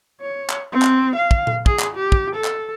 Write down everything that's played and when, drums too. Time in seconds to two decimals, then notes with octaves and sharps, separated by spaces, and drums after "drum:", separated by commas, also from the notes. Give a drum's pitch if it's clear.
0.21 C#5
0.50 drum: clap
0.72 C4
0.82 drum: clap
1.16 F5
1.31 drum: kick
1.47 drum: tom A#2
1.66 G#4, drum: kick
1.80 drum: clap
1.96 G4
2.12 drum: kick
2.35 A4
2.44 drum: clap